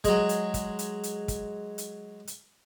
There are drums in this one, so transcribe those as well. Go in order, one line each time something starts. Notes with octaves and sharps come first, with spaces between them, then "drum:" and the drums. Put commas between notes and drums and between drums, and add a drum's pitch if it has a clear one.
F#3 G#3, drum: kick, hi-hat
drum: hi-hat
drum: kick, hi-hat
drum: hi-hat
drum: hi-hat
drum: kick, hi-hat
drum: hi-hat
drum: hi-hat